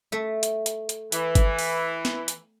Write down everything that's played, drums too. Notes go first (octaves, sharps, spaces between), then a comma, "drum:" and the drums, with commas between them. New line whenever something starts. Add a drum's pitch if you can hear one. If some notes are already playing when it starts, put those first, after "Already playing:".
A3 E5
drum: hi-hat
drum: hi-hat
drum: hi-hat
E3, drum: hi-hat
drum: kick G1, hi-hat
drum: open hi-hat
drum: snare
drum: hi-hat